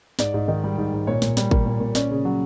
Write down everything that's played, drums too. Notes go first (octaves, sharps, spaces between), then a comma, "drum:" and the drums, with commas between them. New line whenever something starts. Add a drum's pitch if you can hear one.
G#2 D5, drum: snare
G#2
D#3
G3
G#2
G#2
A#2 C#5
A#2, drum: snare
G3, drum: snare
A#3, drum: kick
A#2
A#2
C#4 D5, drum: snare
C#3
F#3